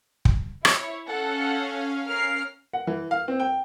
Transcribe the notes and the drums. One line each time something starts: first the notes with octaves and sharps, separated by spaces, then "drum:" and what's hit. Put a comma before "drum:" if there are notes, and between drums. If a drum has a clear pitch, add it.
drum: kick
E4 C#5, drum: rim click
C#4 A4 F5 F#5
A#4 F6 C7
F#5
E3
F5
C4
G5